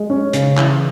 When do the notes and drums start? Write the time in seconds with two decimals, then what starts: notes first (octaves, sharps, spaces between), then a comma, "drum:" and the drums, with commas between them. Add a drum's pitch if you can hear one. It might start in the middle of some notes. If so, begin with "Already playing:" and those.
Already playing: G#3
0.10 C#4
0.33 C#3, drum: hi-hat
0.57 E3, drum: clap